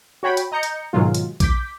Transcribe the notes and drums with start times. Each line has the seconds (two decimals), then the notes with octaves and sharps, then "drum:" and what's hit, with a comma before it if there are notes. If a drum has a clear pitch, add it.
0.23 F#4 C#5 G5 B5
0.37 drum: hi-hat
0.52 D#5 A#5 G6 C#7
0.63 drum: hi-hat
0.93 G#2 B2 D#3 F#3 G#3 F4
1.15 drum: hi-hat
1.40 D6 G6 B6, drum: kick, hi-hat